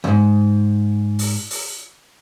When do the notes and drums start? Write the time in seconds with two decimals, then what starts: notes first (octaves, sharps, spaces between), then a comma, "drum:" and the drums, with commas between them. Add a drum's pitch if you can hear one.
0.04 E2 G#2
1.19 drum: open hi-hat
1.50 drum: open hi-hat